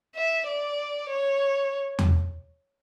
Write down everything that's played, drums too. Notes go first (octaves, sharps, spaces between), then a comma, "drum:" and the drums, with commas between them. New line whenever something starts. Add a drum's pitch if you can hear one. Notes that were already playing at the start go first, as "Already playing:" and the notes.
E5
D5
C#5
drum: tom E2